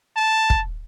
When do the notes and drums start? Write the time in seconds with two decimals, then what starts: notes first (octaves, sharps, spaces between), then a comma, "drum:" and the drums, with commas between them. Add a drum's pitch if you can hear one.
0.16 A5
0.50 drum: kick